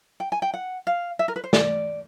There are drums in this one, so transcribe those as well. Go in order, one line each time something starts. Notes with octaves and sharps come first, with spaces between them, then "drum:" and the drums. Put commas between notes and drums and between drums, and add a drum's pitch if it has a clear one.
G5
G#5
G5
F#5
F5
E5
A#4
B4
C5
D5, drum: snare